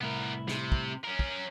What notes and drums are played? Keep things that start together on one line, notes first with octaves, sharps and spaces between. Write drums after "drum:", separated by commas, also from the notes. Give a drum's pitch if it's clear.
C2 A2 B3 E4 A#4
C3, drum: snare
drum: kick
C#4 A#4
drum: kick